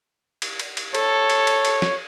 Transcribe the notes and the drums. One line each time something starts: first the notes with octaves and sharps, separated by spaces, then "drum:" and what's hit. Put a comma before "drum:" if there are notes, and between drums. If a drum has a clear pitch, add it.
drum: cymbal
drum: cymbal
drum: cymbal
A4 C#5, drum: cymbal
drum: cymbal
drum: cymbal
drum: cymbal
drum: snare